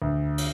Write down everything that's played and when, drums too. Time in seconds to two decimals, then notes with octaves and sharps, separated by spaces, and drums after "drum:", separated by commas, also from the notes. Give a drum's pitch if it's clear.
0.02 D2
0.38 drum: cymbal